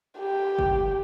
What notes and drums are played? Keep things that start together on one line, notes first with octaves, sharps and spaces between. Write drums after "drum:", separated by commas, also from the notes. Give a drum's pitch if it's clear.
G4
drum: kick G1